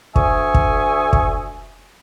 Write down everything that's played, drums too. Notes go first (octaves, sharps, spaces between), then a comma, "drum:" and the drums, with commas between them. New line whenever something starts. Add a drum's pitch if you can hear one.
D2 E5 G#5 C#6 D#6, drum: kick
drum: kick
drum: kick